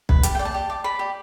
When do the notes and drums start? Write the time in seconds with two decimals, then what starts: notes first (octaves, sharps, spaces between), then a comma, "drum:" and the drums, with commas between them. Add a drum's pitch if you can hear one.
0.09 B4, drum: kick B1
0.23 G4 A5, drum: hi-hat
0.35 D5 G5
0.45 A5
0.54 G4
0.70 D5
0.84 D5 B5
0.99 G4